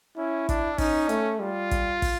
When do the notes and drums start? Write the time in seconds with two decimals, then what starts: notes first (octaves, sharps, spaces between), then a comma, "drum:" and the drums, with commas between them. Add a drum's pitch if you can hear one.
0.17 C#4 E4
0.49 D4, drum: kick, hi-hat
0.78 C#4 D#4, drum: kick, open hi-hat
1.09 A3, drum: hi-hat
1.40 G3 F4
1.71 drum: kick, hi-hat
2.02 drum: kick, open hi-hat